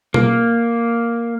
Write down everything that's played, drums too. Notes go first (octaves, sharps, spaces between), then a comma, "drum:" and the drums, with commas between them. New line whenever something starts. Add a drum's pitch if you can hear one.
A#3, drum: tom